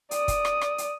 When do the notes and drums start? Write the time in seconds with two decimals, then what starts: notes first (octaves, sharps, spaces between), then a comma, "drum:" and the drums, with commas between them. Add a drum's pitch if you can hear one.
0.11 D5 D#6, drum: hi-hat
0.28 drum: kick, hi-hat
0.45 drum: rim click
0.61 drum: rim click
0.78 drum: hi-hat